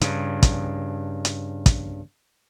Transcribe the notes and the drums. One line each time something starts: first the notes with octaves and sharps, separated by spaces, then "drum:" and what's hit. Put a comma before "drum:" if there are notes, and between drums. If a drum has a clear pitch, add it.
G2 C#3, drum: hi-hat
drum: kick, hi-hat
drum: hi-hat
drum: kick, hi-hat